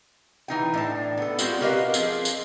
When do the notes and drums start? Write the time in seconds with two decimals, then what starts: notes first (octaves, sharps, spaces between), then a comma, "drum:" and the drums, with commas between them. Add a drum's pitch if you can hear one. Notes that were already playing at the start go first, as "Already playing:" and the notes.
0.48 E3 D#4 G5
0.74 A2 D4 A5
1.17 B3 A4
1.39 G3 G#3 C4 F4 F#4, drum: tambourine
1.61 F#4 G4 A#4 B4 D#5 F5
1.94 F3 C4 G#4, drum: tambourine
2.25 drum: tambourine